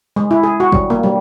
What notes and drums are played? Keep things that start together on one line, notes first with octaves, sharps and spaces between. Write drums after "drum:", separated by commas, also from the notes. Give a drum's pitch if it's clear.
G#3
E4
G#4
F#4
G3, drum: kick
A#3
G3